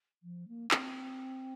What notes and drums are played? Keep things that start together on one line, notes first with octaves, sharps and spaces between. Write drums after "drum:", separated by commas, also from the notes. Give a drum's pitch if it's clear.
F3
A#3
C4, drum: clap